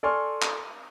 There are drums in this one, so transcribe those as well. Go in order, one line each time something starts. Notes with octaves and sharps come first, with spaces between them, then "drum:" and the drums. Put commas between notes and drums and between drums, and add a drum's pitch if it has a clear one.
A4 D5 G#5 C6 C#6 F6
drum: clap